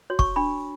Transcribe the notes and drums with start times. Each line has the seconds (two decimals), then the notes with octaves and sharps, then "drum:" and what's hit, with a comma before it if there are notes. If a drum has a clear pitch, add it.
0.10 F#4 C#5
0.19 C#6, drum: kick
0.36 D4 B5